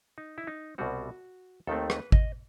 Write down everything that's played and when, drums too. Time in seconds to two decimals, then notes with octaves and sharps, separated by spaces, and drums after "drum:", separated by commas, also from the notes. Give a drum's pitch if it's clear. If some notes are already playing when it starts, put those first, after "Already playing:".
0.18 D#4
0.38 E4
0.47 D#4
0.78 C2 B2 G3 C4 F#4
1.67 D#2 D#3 A3 C4 A4
1.90 B4, drum: rim click
2.12 D#5, drum: kick G#1